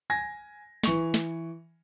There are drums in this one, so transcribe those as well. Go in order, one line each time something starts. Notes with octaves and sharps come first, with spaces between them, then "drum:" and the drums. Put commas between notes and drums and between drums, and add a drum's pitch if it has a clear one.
G#5 G#6 A#6
E3 C#6 F7, drum: snare
drum: snare